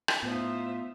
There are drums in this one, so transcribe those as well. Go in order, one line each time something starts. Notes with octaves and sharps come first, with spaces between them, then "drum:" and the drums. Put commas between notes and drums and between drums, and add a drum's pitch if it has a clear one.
drum: rim click
A2 B3 D#4 F4 C5 E5